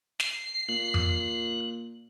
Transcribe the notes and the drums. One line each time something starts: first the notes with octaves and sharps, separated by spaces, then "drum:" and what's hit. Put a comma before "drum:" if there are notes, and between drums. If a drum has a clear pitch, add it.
C7, drum: snare
A#2 F#6
drum: tom F2